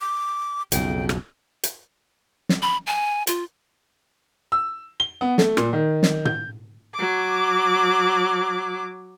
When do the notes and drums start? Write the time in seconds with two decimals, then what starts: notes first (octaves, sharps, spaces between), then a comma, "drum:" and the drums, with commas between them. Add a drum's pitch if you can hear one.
0.01 D6
0.72 B1 F2 C#3 G5, drum: hi-hat
1.09 drum: rim click
1.64 drum: hi-hat
2.49 drum: snare
2.62 B5
2.87 G#5
3.27 F4, drum: hi-hat
4.52 E6
5.00 G7
5.21 B3
5.38 A3, drum: snare
5.57 A#2, drum: rim click
5.73 D#3
6.03 drum: snare
6.25 G6, drum: tom
6.94 F#3 D6